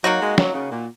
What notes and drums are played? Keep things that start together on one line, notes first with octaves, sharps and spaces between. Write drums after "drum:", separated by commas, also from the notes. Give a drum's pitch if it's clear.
F#3 A#3 D#4 F#4
G#3
F#3, drum: snare
C#3
A#2